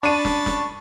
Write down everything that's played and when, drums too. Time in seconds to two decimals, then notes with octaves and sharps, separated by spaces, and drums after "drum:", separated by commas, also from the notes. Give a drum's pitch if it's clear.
0.03 D4 A5 B5 C#6 D#7
0.25 drum: snare
0.46 drum: snare